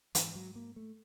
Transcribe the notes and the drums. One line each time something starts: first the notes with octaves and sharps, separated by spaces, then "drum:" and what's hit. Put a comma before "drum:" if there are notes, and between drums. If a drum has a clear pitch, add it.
G#2 E3, drum: hi-hat
F#3
A#3
A3